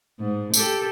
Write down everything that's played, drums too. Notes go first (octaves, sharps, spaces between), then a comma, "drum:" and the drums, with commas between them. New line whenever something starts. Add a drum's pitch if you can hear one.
G#2
G4 A4, drum: tambourine